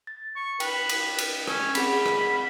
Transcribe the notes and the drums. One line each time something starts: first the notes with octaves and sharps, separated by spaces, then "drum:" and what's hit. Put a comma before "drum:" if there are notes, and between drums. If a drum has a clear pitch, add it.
A6
C#6
B4 G5, drum: cymbal
drum: cymbal
drum: cymbal
C#4, drum: rim click
C4 G#4 F#5 B5, drum: cymbal
drum: rim click